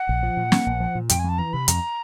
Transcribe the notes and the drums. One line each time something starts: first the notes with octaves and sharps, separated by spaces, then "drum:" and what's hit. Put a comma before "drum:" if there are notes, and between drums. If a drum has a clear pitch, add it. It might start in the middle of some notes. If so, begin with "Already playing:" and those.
Already playing: F#5
A#1
F3
A#2
A#3, drum: snare
A#1
F3
A#2
F2 G5, drum: hi-hat
G#5
F2 A5
E3 A#5
C3 B5
F2 A#5, drum: hi-hat